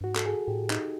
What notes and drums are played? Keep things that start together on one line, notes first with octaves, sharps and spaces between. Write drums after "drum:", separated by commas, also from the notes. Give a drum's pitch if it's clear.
G2
G#2 F#4
A4, drum: clap
G#4
A2 G4
D#4, drum: clap